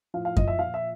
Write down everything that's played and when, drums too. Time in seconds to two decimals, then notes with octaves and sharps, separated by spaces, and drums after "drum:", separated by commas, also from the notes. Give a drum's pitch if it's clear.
0.14 A2 F3 F5
0.25 F5
0.37 D#5, drum: kick F#2
0.48 E5
0.59 A#2 F3 F5
0.74 E5